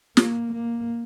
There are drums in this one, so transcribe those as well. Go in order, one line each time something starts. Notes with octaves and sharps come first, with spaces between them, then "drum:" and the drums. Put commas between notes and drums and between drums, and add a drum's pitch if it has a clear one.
A#3, drum: snare
A#3